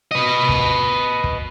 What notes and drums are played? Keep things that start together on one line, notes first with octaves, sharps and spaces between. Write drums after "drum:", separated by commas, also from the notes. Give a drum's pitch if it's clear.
B4 D#5
drum: kick
drum: kick